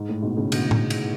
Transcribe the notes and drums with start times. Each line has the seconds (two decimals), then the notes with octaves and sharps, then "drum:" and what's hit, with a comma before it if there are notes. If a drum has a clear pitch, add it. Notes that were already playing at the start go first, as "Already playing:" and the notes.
Already playing: G#2
0.09 A2
0.22 G#2 B2
0.37 A2 C#3
0.52 B2 D3, drum: cymbal
0.71 drum: tom A2
0.90 drum: cymbal